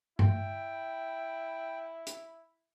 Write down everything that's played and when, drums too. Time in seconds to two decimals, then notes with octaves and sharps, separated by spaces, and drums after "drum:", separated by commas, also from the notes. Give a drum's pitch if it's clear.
0.19 E4 G5, drum: tom G2
2.07 drum: hi-hat